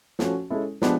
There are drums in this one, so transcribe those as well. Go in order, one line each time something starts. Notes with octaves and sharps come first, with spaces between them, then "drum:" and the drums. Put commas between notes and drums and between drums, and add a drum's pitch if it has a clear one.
F3 A3 C#4 F#4, drum: snare
G#3 C#4 E4 A4
F3 G#3 B3 D4 G4, drum: snare